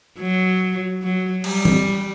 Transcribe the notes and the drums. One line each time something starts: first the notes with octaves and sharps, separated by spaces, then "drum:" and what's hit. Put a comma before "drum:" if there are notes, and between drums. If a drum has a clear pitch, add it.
F#3
F#3
G3, drum: cymbal
drum: tom